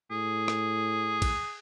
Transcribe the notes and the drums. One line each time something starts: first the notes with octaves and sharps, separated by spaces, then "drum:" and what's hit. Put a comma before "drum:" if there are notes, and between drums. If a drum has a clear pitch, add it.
A2 G#4
drum: rim click
drum: kick, cymbal